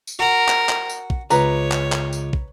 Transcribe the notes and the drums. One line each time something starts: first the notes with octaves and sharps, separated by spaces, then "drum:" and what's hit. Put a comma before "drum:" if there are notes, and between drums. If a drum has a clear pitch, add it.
drum: tambourine
F#4 A#4 F#5
drum: clap
drum: clap
drum: tambourine
drum: kick
C#2 B4 C#5 A#5, drum: tambourine
drum: clap
drum: clap
drum: tambourine
drum: kick